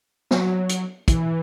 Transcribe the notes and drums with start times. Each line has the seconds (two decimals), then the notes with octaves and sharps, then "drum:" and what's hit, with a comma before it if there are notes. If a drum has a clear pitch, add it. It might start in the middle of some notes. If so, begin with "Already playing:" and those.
0.31 F#3, drum: snare
0.69 drum: hi-hat
1.08 E3, drum: kick, hi-hat